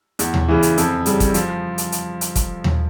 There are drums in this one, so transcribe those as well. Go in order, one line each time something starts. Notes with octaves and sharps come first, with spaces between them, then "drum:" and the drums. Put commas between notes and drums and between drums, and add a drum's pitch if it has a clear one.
E2, drum: hi-hat
drum: tom D#2
C#3 E3
drum: hi-hat
F2, drum: hi-hat
C#3 G3, drum: hi-hat
drum: kick, hi-hat
F3, drum: hi-hat
drum: hi-hat
drum: hi-hat
drum: hi-hat
drum: kick, hi-hat
drum: tom D#2